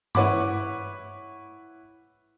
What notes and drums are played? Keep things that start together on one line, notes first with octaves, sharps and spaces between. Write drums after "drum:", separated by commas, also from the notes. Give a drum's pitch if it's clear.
E4 B4 C#5 F#5 B5 D6, drum: tom G2